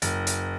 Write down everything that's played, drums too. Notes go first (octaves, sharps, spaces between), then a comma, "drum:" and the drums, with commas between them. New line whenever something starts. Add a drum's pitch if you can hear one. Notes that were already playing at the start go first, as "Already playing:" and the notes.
F#1, drum: hi-hat
drum: hi-hat